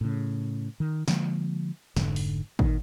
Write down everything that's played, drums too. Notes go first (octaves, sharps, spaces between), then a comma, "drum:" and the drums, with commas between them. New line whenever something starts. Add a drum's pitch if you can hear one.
A2 C#3
D#3
D3 F3 G#3 A#3, drum: snare
F1 G#2 D3, drum: snare
drum: open hi-hat
A#2 D#3, drum: kick G#1